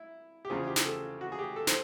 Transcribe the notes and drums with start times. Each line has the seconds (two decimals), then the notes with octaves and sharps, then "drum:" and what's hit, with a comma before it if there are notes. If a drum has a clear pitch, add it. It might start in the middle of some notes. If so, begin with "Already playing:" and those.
Already playing: E4
0.45 G4
0.50 E2 C#3 F3 G#4
0.67 G4
0.76 G#4, drum: snare
0.85 A4
1.21 F#4
1.32 G#4
1.39 G4
1.56 A4
1.67 C5, drum: snare